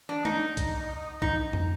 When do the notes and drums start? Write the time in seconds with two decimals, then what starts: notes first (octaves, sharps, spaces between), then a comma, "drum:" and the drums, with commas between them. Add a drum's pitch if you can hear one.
0.09 D4
0.25 D#4, drum: tom G#3
0.57 drum: kick B1, hi-hat
1.22 D#4, drum: kick B1
1.53 drum: tom